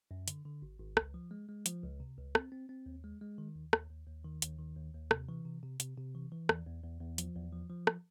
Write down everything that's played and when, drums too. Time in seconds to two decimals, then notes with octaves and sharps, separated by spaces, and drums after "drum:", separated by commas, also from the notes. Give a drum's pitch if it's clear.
0.11 F#2
0.28 D3, drum: hi-hat
0.45 D3
0.62 G#1
0.80 G#1
0.97 C#2, drum: rim click
1.14 F3
1.31 G#3
1.49 G#3
1.66 F3, drum: hi-hat
1.83 C#2
2.00 C3
2.18 C#2
2.35 C4, drum: rim click
2.52 C4
2.69 C4
2.86 D#2
3.04 G#3
3.21 G#3
3.38 D#3
3.56 D#2
3.73 D#2, drum: rim click
3.90 D#2
4.07 D#2
4.25 D#3
4.42 D#2, drum: hi-hat
4.59 D#3
4.76 D#2
4.94 D#2
5.11 C3, drum: rim click
5.29 E3
5.45 C3
5.63 C3
5.80 C3, drum: hi-hat
5.97 C3
6.14 E3
6.32 E3
6.49 E2, drum: rim click
6.67 E2
6.84 E2
7.01 E2
7.18 F3, drum: hi-hat
7.36 E2
7.52 F3
7.70 F3
7.87 drum: rim click